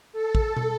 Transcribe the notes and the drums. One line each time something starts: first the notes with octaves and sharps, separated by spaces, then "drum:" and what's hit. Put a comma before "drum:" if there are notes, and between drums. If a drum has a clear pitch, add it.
A4
drum: kick
drum: tom